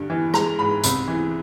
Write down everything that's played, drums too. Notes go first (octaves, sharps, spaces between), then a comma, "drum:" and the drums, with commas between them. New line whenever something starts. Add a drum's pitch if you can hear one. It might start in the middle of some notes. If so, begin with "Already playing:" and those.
Already playing: G2 D3
E3
G#3 A#5, drum: rim click
G#2 B5
C2 B5, drum: hi-hat
E3